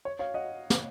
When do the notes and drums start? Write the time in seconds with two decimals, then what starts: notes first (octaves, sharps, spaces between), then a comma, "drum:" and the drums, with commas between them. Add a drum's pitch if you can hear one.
0.05 C#5
0.19 C#5 F5
0.34 D#5 F#5
0.70 drum: snare